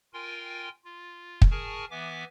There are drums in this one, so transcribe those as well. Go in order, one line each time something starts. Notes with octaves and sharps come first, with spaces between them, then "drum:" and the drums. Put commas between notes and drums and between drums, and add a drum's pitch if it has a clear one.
F4 A#4 G5 G#5 C6
F4
drum: kick
G#4 A#4 G#5 A5 C#6 F6
E3 B3 E5 G#5 D6